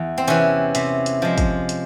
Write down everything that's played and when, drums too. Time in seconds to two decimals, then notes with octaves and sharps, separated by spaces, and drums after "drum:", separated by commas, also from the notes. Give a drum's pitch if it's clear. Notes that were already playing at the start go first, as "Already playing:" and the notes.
Already playing: E2
0.18 C4
0.27 C3 E3 C#4
0.75 C3, drum: hi-hat
1.06 drum: hi-hat
1.22 F3 G#3
1.38 drum: kick, hi-hat
1.69 drum: hi-hat